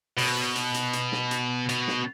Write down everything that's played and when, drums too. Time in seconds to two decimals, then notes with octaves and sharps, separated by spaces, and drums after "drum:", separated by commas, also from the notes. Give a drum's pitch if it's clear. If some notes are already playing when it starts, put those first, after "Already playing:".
0.18 B2, drum: open hi-hat
0.55 drum: hi-hat
0.74 drum: hi-hat
0.93 drum: hi-hat
1.12 drum: snare
1.31 drum: hi-hat
1.69 B2, drum: hi-hat
1.88 drum: snare